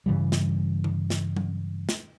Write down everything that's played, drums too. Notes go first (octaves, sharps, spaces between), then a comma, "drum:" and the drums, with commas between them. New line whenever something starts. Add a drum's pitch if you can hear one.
G2 C#3 E3 G3
drum: snare
drum: tom D3
drum: snare
drum: tom F#3
drum: snare